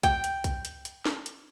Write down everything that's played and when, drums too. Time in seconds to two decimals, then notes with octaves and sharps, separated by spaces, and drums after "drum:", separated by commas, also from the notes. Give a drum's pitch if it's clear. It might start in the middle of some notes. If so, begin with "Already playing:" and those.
0.03 G5, drum: kick, hi-hat
0.24 drum: hi-hat
0.44 drum: kick, hi-hat
0.65 drum: hi-hat
0.85 drum: hi-hat
1.06 drum: snare
1.26 drum: hi-hat